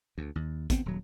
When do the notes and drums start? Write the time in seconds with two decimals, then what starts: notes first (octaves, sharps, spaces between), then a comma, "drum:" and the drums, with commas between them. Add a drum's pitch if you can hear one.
0.18 D2
0.35 D#2
0.70 D2 B3 C4, drum: kick, hi-hat
0.86 D#1 F#3